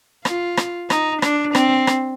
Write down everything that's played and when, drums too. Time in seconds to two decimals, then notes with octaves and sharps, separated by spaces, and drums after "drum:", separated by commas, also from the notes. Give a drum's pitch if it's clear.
0.25 F4, drum: rim click
0.57 drum: rim click
0.90 D#4, drum: rim click
1.22 D4, drum: rim click
1.55 C4, drum: rim click
1.87 drum: rim click